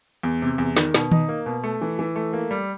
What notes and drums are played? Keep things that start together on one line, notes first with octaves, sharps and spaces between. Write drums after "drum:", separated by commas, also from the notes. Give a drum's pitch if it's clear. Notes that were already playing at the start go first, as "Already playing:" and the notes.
E2
C3
E2
D#3, drum: snare
B2, drum: snare
D#4, drum: tom D#3
A#3
B2
A3
E3
E3
A3
A#3
G3